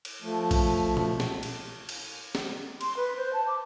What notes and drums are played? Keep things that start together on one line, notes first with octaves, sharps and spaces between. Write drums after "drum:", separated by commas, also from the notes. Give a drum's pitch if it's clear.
drum: cymbal
F3 A3
drum: kick A#1, cymbal
drum: tom A#2
drum: snare
drum: cymbal
drum: cymbal
drum: snare
C6, drum: cymbal
B4
C5
A5
D6